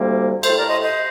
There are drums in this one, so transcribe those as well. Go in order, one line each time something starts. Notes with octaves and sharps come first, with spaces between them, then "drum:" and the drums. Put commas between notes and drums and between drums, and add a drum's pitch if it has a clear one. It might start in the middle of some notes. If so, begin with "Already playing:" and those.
Already playing: D2 C3 G3 A#3
A2 A3 A4 C5, drum: cymbal
A#4 D5
C5 D#5
C5 D#5